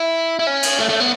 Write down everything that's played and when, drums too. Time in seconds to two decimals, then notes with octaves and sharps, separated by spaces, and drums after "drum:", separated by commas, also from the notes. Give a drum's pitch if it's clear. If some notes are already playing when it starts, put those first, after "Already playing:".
Already playing: E4
0.39 E4
0.47 C#4
0.63 drum: cymbal
0.78 A3
0.89 A3
1.00 B3